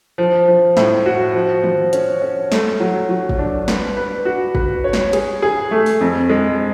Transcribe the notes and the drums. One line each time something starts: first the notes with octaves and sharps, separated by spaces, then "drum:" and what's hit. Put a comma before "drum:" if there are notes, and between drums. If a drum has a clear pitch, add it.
F3
F3
A2, drum: snare
F#4
F3
F3, drum: tom D#3
C#4, drum: hi-hat
C#4
A3, drum: snare
F#3
F#3
drum: kick
D4
B4, drum: snare
B4
F#4
B4, drum: kick
C#5
drum: snare
G#4, drum: cymbal
G#4
A3
drum: open hi-hat
F2
G#3